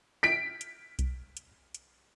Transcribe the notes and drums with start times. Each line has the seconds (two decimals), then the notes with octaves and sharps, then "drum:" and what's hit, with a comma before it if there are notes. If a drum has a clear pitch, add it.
0.23 B6 D7
0.61 drum: hi-hat
0.99 drum: kick B1, hi-hat
1.37 drum: hi-hat
1.74 drum: hi-hat